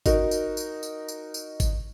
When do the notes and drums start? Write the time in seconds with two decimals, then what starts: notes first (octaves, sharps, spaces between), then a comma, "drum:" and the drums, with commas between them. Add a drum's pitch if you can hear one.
0.06 D#4 F#4 A#4, drum: kick G#1, tambourine
0.31 drum: tambourine
0.57 drum: tambourine
0.83 drum: tambourine
1.08 drum: tambourine
1.34 drum: tambourine
1.60 drum: kick G#1, tambourine